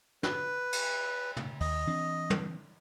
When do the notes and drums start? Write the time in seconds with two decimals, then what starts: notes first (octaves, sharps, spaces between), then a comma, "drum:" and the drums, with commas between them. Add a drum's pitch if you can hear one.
0.23 B4, drum: snare
0.73 drum: cymbal
1.37 drum: tom
1.60 D#2 D#5, drum: open hi-hat
1.87 E3 C4 D4
2.30 drum: tom